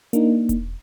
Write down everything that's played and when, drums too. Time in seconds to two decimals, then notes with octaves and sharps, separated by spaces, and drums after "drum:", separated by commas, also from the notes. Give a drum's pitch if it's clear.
0.13 A#3 D4 D#4, drum: hi-hat
0.49 drum: kick E1, hi-hat